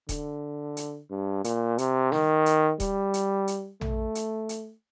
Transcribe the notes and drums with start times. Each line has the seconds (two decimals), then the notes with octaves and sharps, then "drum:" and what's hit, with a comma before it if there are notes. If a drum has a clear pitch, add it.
0.09 D3, drum: kick D#1, hi-hat
0.77 drum: hi-hat
1.10 G2
1.44 A#2, drum: hi-hat
1.78 C3, drum: hi-hat
2.12 D#3, drum: snare
2.46 drum: hi-hat
2.80 G3, drum: kick D#1, hi-hat
3.14 drum: hi-hat
3.47 drum: hi-hat
3.81 A3, drum: tom A#1
4.15 drum: hi-hat
4.49 drum: hi-hat